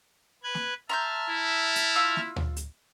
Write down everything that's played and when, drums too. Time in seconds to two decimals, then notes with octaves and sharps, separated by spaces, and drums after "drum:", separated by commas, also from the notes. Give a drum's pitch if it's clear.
0.43 B4 F#6 G#6
0.54 drum: snare
0.89 E5 A5 A#5 C6 F6 G6
1.29 E4
1.76 drum: hi-hat
1.96 F4 E6
2.16 drum: snare
2.36 drum: tom D2
2.56 drum: hi-hat